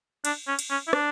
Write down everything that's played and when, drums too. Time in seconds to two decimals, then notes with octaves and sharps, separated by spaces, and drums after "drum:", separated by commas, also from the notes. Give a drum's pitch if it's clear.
0.25 D4, drum: cymbal
0.48 C#4
0.59 drum: cymbal
0.70 C#4
0.87 E4
0.93 D4, drum: rim click